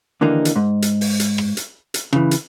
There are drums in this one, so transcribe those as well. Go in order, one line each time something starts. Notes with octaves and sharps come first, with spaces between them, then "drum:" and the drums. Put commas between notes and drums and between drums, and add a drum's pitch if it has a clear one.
D#2 D3 E3 A#3 D#4
drum: hi-hat
G#2
drum: hi-hat
drum: open hi-hat
drum: hi-hat
drum: rim click
drum: hi-hat
drum: hi-hat
C#3 E3, drum: rim click
drum: hi-hat